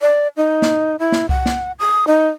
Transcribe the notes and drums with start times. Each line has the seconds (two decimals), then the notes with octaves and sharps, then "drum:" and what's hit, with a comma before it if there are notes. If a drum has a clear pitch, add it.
0.01 D5
0.37 D#4
0.62 drum: snare
0.99 E4
1.12 drum: snare
1.29 F#5, drum: kick C2
1.46 drum: snare
1.79 D#6
2.07 D#4